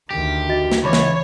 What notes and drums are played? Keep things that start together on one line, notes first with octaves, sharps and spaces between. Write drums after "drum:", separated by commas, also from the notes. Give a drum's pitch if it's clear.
D2 D#3 G4
F#4 D#5 A6
drum: snare
C#2 E3 C#5 B5 D6
drum: snare